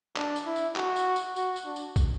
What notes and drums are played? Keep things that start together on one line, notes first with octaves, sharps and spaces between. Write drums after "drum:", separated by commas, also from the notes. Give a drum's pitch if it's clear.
D4, drum: clap
drum: tambourine
E4
drum: tambourine
F#4, drum: clap
drum: tambourine
drum: tambourine
F#4, drum: tambourine
drum: tambourine
D4
drum: tambourine
drum: kick, tambourine